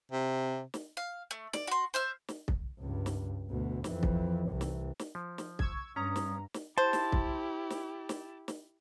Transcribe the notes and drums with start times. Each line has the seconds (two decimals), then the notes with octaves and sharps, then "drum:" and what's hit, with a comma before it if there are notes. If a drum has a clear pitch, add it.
0.12 C3
0.74 drum: snare
0.97 F5
1.31 A3
1.53 D5, drum: snare
1.67 F#4 C6
1.94 C5 E5 F6
2.28 drum: snare
2.48 drum: kick
2.79 C#2 G2
3.06 drum: snare
3.50 D2 B2
3.84 F2 E3, drum: snare
4.03 drum: kick
4.50 C2 E3
4.61 drum: snare
4.99 drum: snare
5.15 F3
5.38 drum: snare
5.59 C#6 E6 G#6, drum: kick
5.96 G2 C#4 A#5 D#6
6.16 drum: snare
6.54 drum: snare
6.78 E4 G4 C5 A5
6.93 drum: snare
7.12 drum: kick
7.70 drum: snare
8.09 drum: snare
8.48 drum: snare